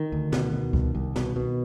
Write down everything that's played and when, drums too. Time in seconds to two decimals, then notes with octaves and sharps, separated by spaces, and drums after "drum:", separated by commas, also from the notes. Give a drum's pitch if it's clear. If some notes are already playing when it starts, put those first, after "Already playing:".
Already playing: D#3
0.12 D2
0.32 B2, drum: snare
0.53 B2
0.73 C2, drum: kick C#2
0.95 C2
1.16 B2, drum: snare
1.36 B2